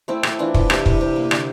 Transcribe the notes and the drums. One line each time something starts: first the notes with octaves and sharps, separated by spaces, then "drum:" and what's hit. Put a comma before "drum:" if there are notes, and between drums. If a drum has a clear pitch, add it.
A3 C4 E4
A3, drum: rim click
E3 D4 F4
E3, drum: kick
C3 E4 G4, drum: rim click
G3, drum: kick
C3
A#3
D3, drum: rim click